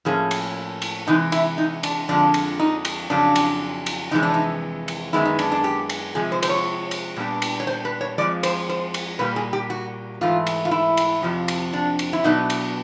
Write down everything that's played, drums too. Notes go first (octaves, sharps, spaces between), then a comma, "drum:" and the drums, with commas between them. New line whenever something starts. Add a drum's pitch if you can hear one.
A2 F3 A#3 C#4 G#4
drum: cymbal
drum: cymbal
C3 E3 G#3 D#4
E4, drum: cymbal
D#4
D4, drum: cymbal
F2 D3 F3 G#3 D4
drum: cymbal
D#4
drum: cymbal
F2 C#3 F#3 D4
drum: cymbal
drum: cymbal
F2 C3 E3 G#3 D#4
D4
D#4
drum: cymbal
F#2 D#3 G#3 B3 E4
D#4
D4, drum: cymbal
D4
G4
drum: cymbal
C3 F3 G#3 G#4
C5
C5, drum: cymbal
C#5
drum: cymbal
A#2 G3 B3 D4
drum: cymbal
C#5
C5
B4
C#5
F2 C3 F3 G#3 D5
C5, drum: cymbal
C5
drum: cymbal
A#2 G3 A#3 B4
G#4
G4
F#4
G#2 E3 A3 F4
drum: cymbal
F4
E4
drum: cymbal
F2 C3 F3
drum: cymbal
D4
drum: cymbal
E4
B2 F#3 B3 D4 D#4
drum: cymbal